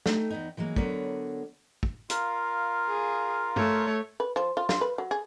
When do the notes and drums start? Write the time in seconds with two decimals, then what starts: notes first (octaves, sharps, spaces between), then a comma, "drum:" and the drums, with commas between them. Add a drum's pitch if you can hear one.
0.06 A3 D#4 G5, drum: snare
0.30 E2 B3 D#4
0.57 E3 F#3 G#3 A#3
0.76 D3 F#3 B3 A#4 C#5 D5, drum: kick
1.83 drum: kick
2.10 F4 A#4 F5, drum: hi-hat
2.89 G#4
3.56 A3 C#5, drum: tom G2
4.20 B4
4.36 F3
4.57 F4
4.69 F4, drum: snare
4.81 B4
4.98 F#3
5.11 G#4